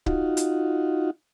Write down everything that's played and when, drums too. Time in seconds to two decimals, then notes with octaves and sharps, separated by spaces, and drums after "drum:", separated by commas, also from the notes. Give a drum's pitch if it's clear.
0.06 D#4 F4 F#4, drum: kick C#1
0.37 drum: hi-hat